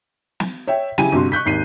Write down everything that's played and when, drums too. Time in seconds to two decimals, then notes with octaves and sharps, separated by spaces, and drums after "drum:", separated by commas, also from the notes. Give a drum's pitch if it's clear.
0.40 drum: snare
0.67 C#5 E5 G5
0.98 C#3 E4 G4 G#5 D#7, drum: snare
1.12 G1 C3 F#4 C6
1.32 C#6 F#6 G6 B6
1.45 G#1 D#2 C7 D#7